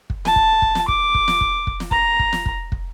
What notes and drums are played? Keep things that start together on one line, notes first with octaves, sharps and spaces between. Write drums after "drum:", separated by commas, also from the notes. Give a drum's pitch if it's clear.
drum: kick
A5, drum: snare
drum: kick
drum: kick
drum: snare
D6, drum: kick
drum: kick
drum: snare
drum: kick
drum: kick
drum: snare
A#5, drum: kick
drum: kick
drum: snare
drum: kick
drum: kick